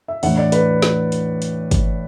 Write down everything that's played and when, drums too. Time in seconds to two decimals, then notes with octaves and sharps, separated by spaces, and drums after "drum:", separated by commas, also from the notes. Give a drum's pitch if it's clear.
0.08 E5
0.23 A2 E3 D4 F#5, drum: open hi-hat
0.38 D5
0.52 B4, drum: hi-hat
0.82 drum: snare
1.12 drum: hi-hat
1.42 drum: hi-hat
1.71 drum: kick, hi-hat